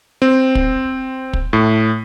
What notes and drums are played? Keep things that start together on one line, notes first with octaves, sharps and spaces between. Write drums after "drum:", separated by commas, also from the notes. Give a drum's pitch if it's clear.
C4
drum: kick
drum: kick
A2